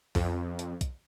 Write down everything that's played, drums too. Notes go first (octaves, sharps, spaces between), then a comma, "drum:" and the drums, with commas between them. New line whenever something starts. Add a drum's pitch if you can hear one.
F2, drum: kick B1, open hi-hat
drum: hi-hat
drum: kick B1, hi-hat